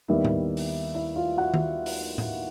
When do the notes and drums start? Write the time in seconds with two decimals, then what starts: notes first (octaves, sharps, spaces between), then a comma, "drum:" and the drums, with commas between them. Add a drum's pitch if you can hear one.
0.08 D#2 D#3 G3 B3 E4 E5
0.25 drum: tom A2
0.57 drum: open hi-hat
0.95 E4 E5
1.16 F4 F5
1.37 F#4 F#5
1.54 drum: tom D#3
1.86 drum: open hi-hat
2.18 drum: tom A2